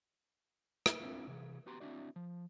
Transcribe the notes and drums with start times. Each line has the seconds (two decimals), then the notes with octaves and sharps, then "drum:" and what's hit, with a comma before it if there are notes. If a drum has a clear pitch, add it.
0.86 drum: rim click
1.00 C4 D4 E4 F4
1.27 C3 E3 G#4
1.66 B3 F#4 G4 A#5 C6
1.80 C4 D4 E4 F#4 D5
2.16 F3